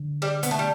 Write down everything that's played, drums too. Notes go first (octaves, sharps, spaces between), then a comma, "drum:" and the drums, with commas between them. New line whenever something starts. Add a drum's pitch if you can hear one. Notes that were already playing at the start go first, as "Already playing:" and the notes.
Already playing: D3
G3
B3, drum: hi-hat
A3
G3